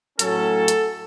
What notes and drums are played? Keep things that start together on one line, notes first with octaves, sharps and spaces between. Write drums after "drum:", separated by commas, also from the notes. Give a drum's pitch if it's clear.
A2 F#3 C#4 A4, drum: hi-hat
drum: hi-hat